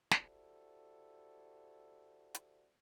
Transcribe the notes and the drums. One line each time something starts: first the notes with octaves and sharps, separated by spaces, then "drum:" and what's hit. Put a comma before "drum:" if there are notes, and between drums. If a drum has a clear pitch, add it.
E4 F#4 G4 A4 C5 D5, drum: snare
drum: hi-hat